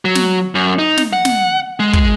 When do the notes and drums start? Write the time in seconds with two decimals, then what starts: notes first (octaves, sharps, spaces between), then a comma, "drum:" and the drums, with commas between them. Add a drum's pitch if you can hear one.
0.05 F#3
0.15 drum: snare
0.55 F#2
0.79 D#4
0.97 drum: snare
1.13 F#5
1.25 drum: snare
1.80 G#3
1.93 drum: kick